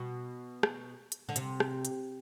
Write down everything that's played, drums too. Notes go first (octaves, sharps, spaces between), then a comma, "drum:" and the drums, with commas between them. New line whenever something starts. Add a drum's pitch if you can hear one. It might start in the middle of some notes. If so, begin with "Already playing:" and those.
Already playing: B2
drum: rim click
drum: hi-hat
D3
C3, drum: hi-hat
drum: rim click
drum: hi-hat